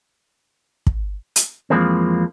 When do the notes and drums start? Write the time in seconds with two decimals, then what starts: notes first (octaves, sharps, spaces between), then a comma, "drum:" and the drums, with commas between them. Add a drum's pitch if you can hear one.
0.87 drum: kick
1.36 drum: hi-hat
1.70 F2 E3 F3 G#3 A#3 C4